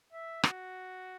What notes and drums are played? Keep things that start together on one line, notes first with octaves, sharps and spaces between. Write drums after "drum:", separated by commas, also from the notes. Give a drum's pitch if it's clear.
E5
F#4, drum: rim click